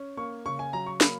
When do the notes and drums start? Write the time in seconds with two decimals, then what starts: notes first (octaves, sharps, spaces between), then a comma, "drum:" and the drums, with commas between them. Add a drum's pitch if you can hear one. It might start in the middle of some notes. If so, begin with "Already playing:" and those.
Already playing: C#4
0.17 A#3 C#6
0.45 C#3 C#6
0.59 G#5
0.73 F#3 A#5
0.86 C#6
1.01 A#3 B5, drum: snare